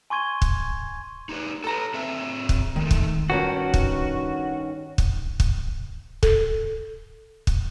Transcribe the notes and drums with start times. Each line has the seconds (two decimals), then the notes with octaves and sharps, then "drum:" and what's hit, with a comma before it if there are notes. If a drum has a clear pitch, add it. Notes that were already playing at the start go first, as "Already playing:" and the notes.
0.10 G#5 C6 C#6 G#6 D#7 G7
0.42 drum: kick
1.29 D#4 G4 B4
1.64 A4 B4 A5 A#5
1.94 C4 G#4 E5
2.49 drum: kick
2.76 D#3 G#3 A3
2.91 drum: kick
3.30 G2 D#3 C#4 F#4
3.74 drum: kick
4.98 drum: kick
5.40 drum: kick
6.23 A4, drum: kick
7.47 drum: kick